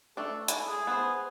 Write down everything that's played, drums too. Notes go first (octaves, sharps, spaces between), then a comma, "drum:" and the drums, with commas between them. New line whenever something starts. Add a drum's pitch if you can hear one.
A3 D4 A4
E4, drum: hi-hat
G#4
B3 C5